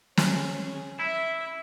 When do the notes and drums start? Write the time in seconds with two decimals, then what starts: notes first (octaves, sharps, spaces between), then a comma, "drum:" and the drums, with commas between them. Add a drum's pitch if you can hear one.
0.17 C#4 G#4, drum: snare
0.99 E4 E5